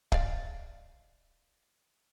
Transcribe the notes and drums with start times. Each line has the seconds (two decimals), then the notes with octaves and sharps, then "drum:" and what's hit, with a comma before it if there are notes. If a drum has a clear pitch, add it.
0.12 D5 F5, drum: kick